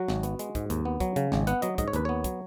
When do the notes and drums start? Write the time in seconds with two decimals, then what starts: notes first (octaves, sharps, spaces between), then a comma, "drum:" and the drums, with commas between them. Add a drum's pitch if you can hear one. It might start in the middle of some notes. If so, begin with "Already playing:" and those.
Already playing: F#3 F#4
0.08 G#1, drum: snare
0.23 B3, drum: hi-hat
0.39 G#3, drum: hi-hat
0.55 G#2, drum: kick, hi-hat
0.70 D#2, drum: hi-hat
0.85 B3
1.00 F#3, drum: kick, hi-hat
1.16 C#3, drum: hi-hat
1.32 G#1, drum: snare
1.47 B3 F#5, drum: hi-hat
1.62 F#3 D#5, drum: hi-hat
1.78 G#2 D#5, drum: kick, hi-hat
1.88 C#5
1.93 D#2 B4, drum: hi-hat
2.05 B3 C#5
2.24 F#3, drum: kick, hi-hat